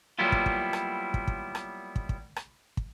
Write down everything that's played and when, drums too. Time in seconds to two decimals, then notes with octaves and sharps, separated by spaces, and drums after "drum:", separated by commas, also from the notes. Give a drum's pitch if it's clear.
0.19 F#3 G3 A#3 B3 E4 F4
0.32 drum: kick
0.46 drum: kick
0.73 drum: rim click
1.14 drum: kick
1.28 drum: kick
1.55 drum: rim click
1.96 drum: kick
2.09 drum: kick
2.36 drum: rim click
2.77 drum: kick